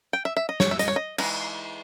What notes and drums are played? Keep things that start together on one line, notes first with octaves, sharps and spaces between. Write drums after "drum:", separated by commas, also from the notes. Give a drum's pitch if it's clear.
G5
E5
E5
D#5
C#5, drum: snare
E5
D#5, drum: hi-hat
C#5
D#5
E3 G#3 D#4, drum: cymbal